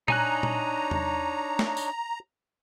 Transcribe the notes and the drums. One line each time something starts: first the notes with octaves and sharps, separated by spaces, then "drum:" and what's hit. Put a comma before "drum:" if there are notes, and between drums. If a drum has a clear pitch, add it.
D4 D#4 C#5 G#5 A#5 F#6, drum: tom A#2
drum: tom A#2
drum: tom E2
drum: snare
drum: tambourine